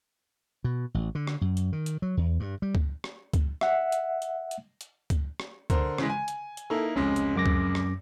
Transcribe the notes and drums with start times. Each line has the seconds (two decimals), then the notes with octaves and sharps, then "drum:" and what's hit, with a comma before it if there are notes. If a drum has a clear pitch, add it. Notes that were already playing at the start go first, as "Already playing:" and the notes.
0.64 B2
0.94 A1
1.15 D3
1.27 drum: rim click
1.41 F#2
1.57 drum: hi-hat
1.73 D#3
1.86 drum: hi-hat
2.02 F#3
2.17 E2
2.40 G2
2.62 G3
2.75 drum: kick C#2
3.04 drum: rim click
3.34 drum: kick C#2, hi-hat
3.61 E5 F#5, drum: rim click
3.92 drum: hi-hat
4.22 drum: hi-hat
4.51 drum: hi-hat
4.81 drum: hi-hat
5.10 drum: kick C#2, hi-hat
5.40 drum: rim click
5.70 D3 A#4 C5, drum: kick C#2, hi-hat
5.98 C#3 E3 G#3, drum: rim click
6.10 G#5
6.28 drum: hi-hat
6.57 drum: hi-hat
6.70 A#3 D#4 E4 A4
6.96 F1 C#2 G#3 C#4
7.16 drum: hi-hat
7.36 F#2 D6 A#6
7.46 drum: kick C#2
7.75 drum: rim click